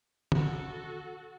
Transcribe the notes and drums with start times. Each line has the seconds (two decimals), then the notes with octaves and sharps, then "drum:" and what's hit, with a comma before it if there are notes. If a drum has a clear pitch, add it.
0.32 F#4 A4, drum: tom